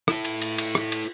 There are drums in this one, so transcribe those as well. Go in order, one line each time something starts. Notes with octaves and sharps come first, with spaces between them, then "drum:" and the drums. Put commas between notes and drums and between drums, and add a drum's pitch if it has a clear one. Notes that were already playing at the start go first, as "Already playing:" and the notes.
E4 A4, drum: rim click
drum: cymbal
drum: cymbal
drum: cymbal
drum: rim click
drum: cymbal